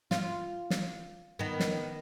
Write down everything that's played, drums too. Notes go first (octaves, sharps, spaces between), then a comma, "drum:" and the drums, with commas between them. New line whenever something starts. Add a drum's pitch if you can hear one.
F4, drum: snare
drum: snare
D#3 B3
drum: snare